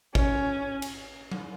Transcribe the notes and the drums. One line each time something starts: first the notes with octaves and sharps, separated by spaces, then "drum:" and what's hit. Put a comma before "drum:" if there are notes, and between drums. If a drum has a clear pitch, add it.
C#4, drum: kick G#1
drum: cymbal
drum: tom F#3